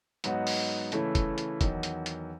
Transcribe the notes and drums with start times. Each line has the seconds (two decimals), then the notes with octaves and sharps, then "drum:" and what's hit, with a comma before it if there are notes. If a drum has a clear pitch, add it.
0.24 G#2 F#3 B3 D#4 F#4, drum: hi-hat
0.47 drum: open hi-hat
0.92 C#3 E3 A3 C#4 E4, drum: hi-hat
1.15 drum: kick, hi-hat
1.38 drum: hi-hat
1.61 E2 D#3 F#3, drum: kick, hi-hat
1.83 drum: hi-hat
2.06 drum: hi-hat